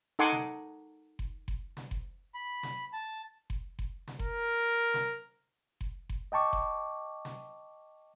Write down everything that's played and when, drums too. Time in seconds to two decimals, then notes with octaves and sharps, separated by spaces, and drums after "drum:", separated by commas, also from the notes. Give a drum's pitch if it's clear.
0.19 D#4 A4 F#5 G#5 C6 D6
0.32 drum: snare
1.19 drum: kick F#1
1.48 drum: kick F#1
1.77 drum: snare
1.91 drum: kick F#1
2.34 B5
2.63 drum: snare
2.93 A5
3.50 drum: kick F#1
3.79 drum: kick F#1
4.07 drum: snare
4.19 A#4, drum: kick F#1
4.94 drum: snare
5.81 drum: kick F#1
6.09 drum: kick F#1
6.32 D#5 G5 A5 C#6 D6
6.53 drum: kick F#1
7.25 drum: snare